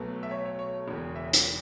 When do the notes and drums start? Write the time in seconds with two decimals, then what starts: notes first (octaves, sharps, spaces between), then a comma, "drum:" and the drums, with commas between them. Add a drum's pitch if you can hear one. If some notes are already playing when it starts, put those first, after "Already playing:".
Already playing: B1 B2 F#3 A3 B4
0.23 E5
0.31 C#5
0.45 C#5
0.59 C#5
0.88 E1 E2 C#3
1.16 E5
1.33 drum: hi-hat